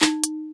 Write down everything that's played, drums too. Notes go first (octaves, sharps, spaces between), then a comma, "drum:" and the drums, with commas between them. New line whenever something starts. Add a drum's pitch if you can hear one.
D#4, drum: clap
drum: hi-hat